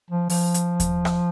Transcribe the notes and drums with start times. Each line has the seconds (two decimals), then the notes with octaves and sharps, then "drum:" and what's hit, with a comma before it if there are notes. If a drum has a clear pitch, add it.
0.11 F3
0.30 F3, drum: open hi-hat
0.54 drum: hi-hat
0.80 drum: kick D#2, hi-hat
1.05 drum: rim click